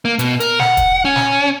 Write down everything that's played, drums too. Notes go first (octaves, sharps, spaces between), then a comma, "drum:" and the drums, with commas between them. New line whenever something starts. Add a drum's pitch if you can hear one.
A#3
B2, drum: hi-hat
A#4, drum: hi-hat
F#5, drum: snare
drum: kick, hi-hat
C#4
drum: snare